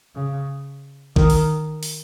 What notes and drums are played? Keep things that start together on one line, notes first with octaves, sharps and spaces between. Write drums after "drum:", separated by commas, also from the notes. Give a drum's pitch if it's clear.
C#3
D#3, drum: kick A1
drum: open hi-hat
drum: open hi-hat